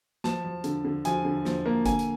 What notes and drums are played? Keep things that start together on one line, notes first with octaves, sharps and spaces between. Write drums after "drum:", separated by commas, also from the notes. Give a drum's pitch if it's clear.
F3 A5, drum: snare
F3
D3, drum: hi-hat
D3
F3 G#5, drum: hi-hat
D3
F3, drum: snare
A#3
D3 G#5, drum: kick G1, hi-hat
drum: hi-hat